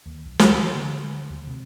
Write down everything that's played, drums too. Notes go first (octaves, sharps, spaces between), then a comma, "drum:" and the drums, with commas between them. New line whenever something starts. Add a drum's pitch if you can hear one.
D#2
B1
D1, drum: snare
E3
D3
D#2
C3